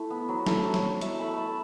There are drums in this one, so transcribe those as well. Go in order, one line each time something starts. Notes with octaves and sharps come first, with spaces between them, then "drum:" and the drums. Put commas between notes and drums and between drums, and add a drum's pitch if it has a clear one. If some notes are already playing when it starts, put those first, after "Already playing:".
Already playing: A3 E4
B3
F#3
F#4
E4 A4, drum: snare
F#3
C#5, drum: snare
F#3
A3 E5, drum: hi-hat
A3 B5
A3 A5